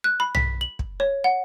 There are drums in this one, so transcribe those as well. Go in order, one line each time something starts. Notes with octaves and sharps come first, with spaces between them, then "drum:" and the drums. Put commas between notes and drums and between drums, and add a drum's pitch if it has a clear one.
F#6
B5
B6, drum: tom B1
F#7
drum: kick
C#5
F#5